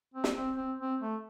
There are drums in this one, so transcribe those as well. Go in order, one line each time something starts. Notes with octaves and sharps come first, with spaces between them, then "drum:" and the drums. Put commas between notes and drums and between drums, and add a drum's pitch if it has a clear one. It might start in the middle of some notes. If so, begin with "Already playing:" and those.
C4
drum: snare
C4
C4
C4
A3